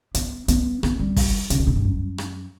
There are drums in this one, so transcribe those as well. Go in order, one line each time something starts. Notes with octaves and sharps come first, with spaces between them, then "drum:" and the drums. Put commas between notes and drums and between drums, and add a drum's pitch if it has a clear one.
B3, drum: hi-hat
B3, drum: hi-hat
B3, drum: rim click
G3
drum: kick, open hi-hat
C#3, drum: hi-hat
B2
A#2
G2
F#2
drum: rim click